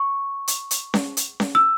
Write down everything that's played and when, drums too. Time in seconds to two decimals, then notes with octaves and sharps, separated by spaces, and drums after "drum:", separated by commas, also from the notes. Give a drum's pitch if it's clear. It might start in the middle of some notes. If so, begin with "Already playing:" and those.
Already playing: C#6
0.48 drum: hi-hat
0.71 drum: hi-hat
0.94 drum: snare C#4
1.17 drum: hi-hat
1.40 drum: snare C#4
1.55 E6